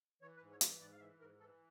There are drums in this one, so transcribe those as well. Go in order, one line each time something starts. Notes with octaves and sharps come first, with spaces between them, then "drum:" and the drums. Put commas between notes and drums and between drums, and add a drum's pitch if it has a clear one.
E3 C#5
B4
G#2
C#5
E3 D5, drum: hi-hat
G#2 D5
F5
E3 E5
G#2 A#4
E3 A4